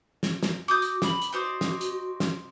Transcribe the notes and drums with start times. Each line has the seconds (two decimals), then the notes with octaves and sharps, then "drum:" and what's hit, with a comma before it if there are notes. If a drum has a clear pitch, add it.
0.23 drum: snare
0.43 drum: snare
0.68 F#4 D6 D#6 G6
0.82 drum: hi-hat
1.02 B5, drum: snare
1.22 drum: hi-hat
1.33 D#4 F#4 C5 D5
1.61 drum: snare
1.81 drum: hi-hat
2.20 drum: snare